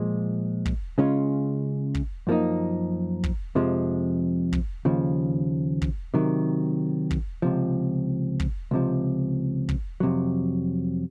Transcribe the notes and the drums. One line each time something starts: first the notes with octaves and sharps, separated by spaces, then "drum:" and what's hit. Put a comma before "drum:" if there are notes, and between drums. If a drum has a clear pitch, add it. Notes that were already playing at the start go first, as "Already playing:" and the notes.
Already playing: A#2 F3 G#3
drum: kick
C#3 G#3 C#4 F4
drum: kick
F#2 F3 A#3 D#4
drum: kick
F2 C3 F3 G#3
drum: kick
D#2 C#3 F3
drum: kick
C3 D#3 F#3
drum: kick
C#2 C3 F3
drum: kick
C#2 C3 F3
drum: kick
F2 C3 F#3